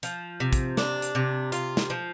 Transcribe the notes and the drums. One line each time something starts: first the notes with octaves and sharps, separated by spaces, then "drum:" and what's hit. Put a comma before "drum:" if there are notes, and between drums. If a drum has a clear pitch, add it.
F3, drum: hi-hat
C3
drum: kick, hi-hat
D4, drum: snare
drum: hi-hat
C3
F4, drum: hi-hat
drum: snare
F3